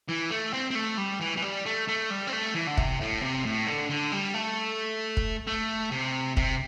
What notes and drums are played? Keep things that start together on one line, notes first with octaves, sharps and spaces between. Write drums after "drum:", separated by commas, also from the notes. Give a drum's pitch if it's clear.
E3
A3
C4
C4
A3
G3
E3
E3
G3
A3
A3
G3
C4
A3
E3
D3
C3, drum: kick
A2
C3
A2
D3
D3
G3
A3
drum: kick
A3
C3
C3, drum: kick